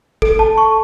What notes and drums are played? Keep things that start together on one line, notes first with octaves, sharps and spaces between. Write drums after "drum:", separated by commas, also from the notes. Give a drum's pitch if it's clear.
A4, drum: kick G#1
A5
C#6